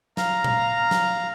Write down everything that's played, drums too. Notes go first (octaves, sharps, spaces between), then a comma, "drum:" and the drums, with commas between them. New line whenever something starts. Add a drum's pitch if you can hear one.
F5 A#5, drum: snare
drum: tom A#2
drum: snare